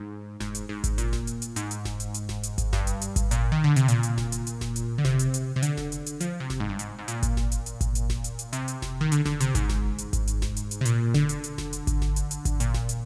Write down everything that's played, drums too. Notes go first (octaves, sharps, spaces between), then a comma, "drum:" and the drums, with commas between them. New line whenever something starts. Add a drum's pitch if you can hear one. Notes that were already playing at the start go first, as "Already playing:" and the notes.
Already playing: G#2
G#2, drum: snare F1
drum: hi-hat
G#2
drum: kick G#1, hi-hat
A#2, drum: hi-hat
drum: snare F1
drum: hi-hat
drum: hi-hat
G#2, drum: hi-hat
drum: hi-hat
drum: snare F1
drum: hi-hat
drum: hi-hat
drum: snare F1
drum: hi-hat
drum: kick G#1, hi-hat
G2, drum: snare F1
drum: hi-hat
drum: hi-hat
drum: kick G#1, hi-hat
A#2, drum: hi-hat
D#3
D3
C3, drum: hi-hat
A#2, drum: hi-hat
drum: hi-hat
drum: snare F1
drum: hi-hat
drum: hi-hat
drum: snare F1
drum: hi-hat
D3
C3, drum: snare F1
drum: hi-hat
drum: hi-hat
C3
D3, drum: hi-hat
drum: snare F1
drum: hi-hat
drum: hi-hat
F3, drum: hi-hat
C3
drum: snare F1
G#2
G2
G#2, drum: hi-hat
G#2
A#2, drum: hi-hat
drum: kick G#1, hi-hat
drum: snare F1
drum: hi-hat
drum: hi-hat
drum: kick G#1, hi-hat
drum: hi-hat
drum: snare F1
drum: hi-hat
drum: hi-hat
C3, drum: hi-hat
drum: hi-hat
drum: snare F1
D#3
D3, drum: hi-hat
D3, drum: snare F1
C3, drum: hi-hat
G#2, drum: kick G#1, hi-hat
drum: snare F1
drum: hi-hat
drum: kick G#1, hi-hat
drum: hi-hat
drum: snare F1
drum: hi-hat
drum: hi-hat
C3
A#2, drum: hi-hat
D3, drum: snare F1
drum: hi-hat
drum: hi-hat
drum: snare F1
drum: hi-hat
drum: kick G#1, hi-hat
drum: snare F1
drum: hi-hat
drum: hi-hat
drum: kick G#1, hi-hat
A#2, drum: hi-hat
drum: snare F1
drum: hi-hat